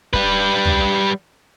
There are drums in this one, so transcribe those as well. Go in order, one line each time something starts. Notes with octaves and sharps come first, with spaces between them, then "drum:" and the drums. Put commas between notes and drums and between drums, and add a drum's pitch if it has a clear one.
G3 B4, drum: kick
drum: tom